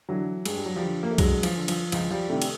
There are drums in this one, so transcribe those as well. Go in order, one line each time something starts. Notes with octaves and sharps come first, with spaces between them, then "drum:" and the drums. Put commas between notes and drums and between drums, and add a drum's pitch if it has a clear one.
D3 E3 F#3
G2 G#3, drum: cymbal
G3
F#3
F3 G3
D3
A#3
A3
G2 F#3 G#3, drum: kick B1, cymbal
F3, drum: cymbal
D3
F3, drum: cymbal
C#2 F3, drum: cymbal
F3 G3
C3 D#3 G3 A3
drum: cymbal